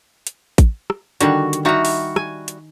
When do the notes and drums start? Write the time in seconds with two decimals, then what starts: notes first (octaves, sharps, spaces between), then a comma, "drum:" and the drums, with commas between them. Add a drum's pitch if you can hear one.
0.27 drum: hi-hat
0.58 drum: kick A1, hi-hat
0.90 drum: rim click
1.21 D3 D#3 G3 F#4, drum: hi-hat
1.53 drum: hi-hat
1.65 G3 D#4 F#4 E5 A#5
1.85 drum: open hi-hat
2.16 G#5, drum: rim click
2.48 drum: hi-hat